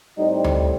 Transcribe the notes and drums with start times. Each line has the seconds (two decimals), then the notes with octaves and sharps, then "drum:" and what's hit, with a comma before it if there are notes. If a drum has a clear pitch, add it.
0.17 A2 G3 C4 D#4
0.44 drum: tom D2